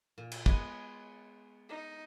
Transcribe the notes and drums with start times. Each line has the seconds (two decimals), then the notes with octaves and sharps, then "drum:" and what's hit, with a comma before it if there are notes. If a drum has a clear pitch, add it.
0.18 A#2
0.31 drum: cymbal
0.46 G#3 B3 D#5, drum: kick
1.69 D#4